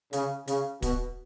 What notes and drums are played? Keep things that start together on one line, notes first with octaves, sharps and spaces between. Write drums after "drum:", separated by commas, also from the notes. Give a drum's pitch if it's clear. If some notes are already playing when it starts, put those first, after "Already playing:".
C#3, drum: hi-hat
C#3, drum: hi-hat
B2, drum: kick, hi-hat